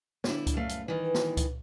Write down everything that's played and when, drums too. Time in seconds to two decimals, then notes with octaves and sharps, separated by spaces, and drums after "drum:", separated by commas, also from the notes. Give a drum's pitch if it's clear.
0.24 D3 E4, drum: snare
0.47 drum: kick C#2, hi-hat
0.56 F#2 A3 F5
0.69 drum: hi-hat
0.88 D#3 E3
1.15 drum: snare
1.37 drum: kick C#2, hi-hat